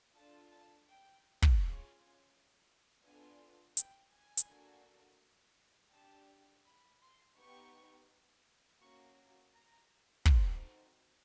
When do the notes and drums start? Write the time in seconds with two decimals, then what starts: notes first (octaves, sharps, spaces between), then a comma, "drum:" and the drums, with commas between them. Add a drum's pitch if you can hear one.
0.15 D4 F4 A4 A5
0.51 A5
0.88 G5
1.42 drum: kick
1.60 C#4 F4 G#4 C#6
3.04 B3 D4 F4 A4 G#5
3.77 G5, drum: hi-hat
4.12 G#5
4.37 drum: hi-hat
4.49 A#3 D4 F#4 A4
5.93 D4 G4 A5
6.65 B5
7.01 C6
7.37 B3 D#4 G4 C#6
8.81 A#3 C#4 F#4 C#6
9.53 A#5
10.25 C4 D#4 F#4 A4 C6, drum: kick